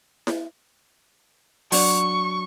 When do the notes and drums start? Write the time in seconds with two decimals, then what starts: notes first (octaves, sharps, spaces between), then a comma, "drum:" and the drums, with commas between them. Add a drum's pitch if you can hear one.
0.27 drum: snare E4
1.72 F#3 D4 C#6, drum: open hi-hat